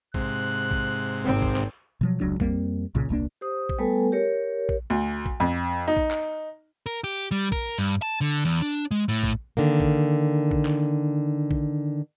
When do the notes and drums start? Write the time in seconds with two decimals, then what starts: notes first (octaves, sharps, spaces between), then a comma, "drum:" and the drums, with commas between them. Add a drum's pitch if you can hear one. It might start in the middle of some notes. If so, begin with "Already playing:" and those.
0.14 G#2 C3 F#6, drum: kick
0.71 drum: kick
1.25 G#1 C4
1.42 drum: kick
1.56 drum: clap
2.01 B2 F3 F#3
2.20 F1 C#2 F#3 D4
2.40 F2 G3 A#3 C4, drum: kick
2.95 C2 A#2 C#3
3.09 D#1 C2 A#3 D4
3.41 G4 C5 D#6
3.69 drum: kick
3.79 G3 A3 B3 A4 B4 G#5
4.12 G4 A#4 C#5
4.69 drum: kick
4.90 D2
5.26 drum: kick
5.40 F2
5.88 D#4
5.97 drum: kick
6.11 drum: clap
6.86 A#4
7.04 G4
7.31 G3
7.52 A#4, drum: kick
7.78 G2
8.02 A5
8.21 D3
8.45 E2
8.62 D4
8.91 G#3
9.09 A2
9.23 drum: kick
9.57 D3 D#3 A#3
9.80 drum: kick
10.51 drum: kick
10.65 drum: clap
11.51 drum: kick